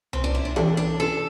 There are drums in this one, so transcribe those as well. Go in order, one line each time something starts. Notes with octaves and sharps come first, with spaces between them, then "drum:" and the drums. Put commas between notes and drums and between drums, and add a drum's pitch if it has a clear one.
C4, drum: tom C2
D4
E4
D4
C2 C3 E3 A3 C4 D4
D4
A4